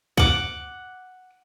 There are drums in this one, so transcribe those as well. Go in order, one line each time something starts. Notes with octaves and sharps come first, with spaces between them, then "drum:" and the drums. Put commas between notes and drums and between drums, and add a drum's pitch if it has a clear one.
F#5 D6, drum: kick